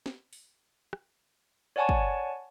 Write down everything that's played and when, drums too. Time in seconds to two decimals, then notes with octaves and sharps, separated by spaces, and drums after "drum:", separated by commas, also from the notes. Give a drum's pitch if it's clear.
0.06 drum: snare
0.33 drum: open hi-hat
0.93 drum: rim click
1.76 C#5 D5 F#5 G#5 A5 C#6
1.89 drum: kick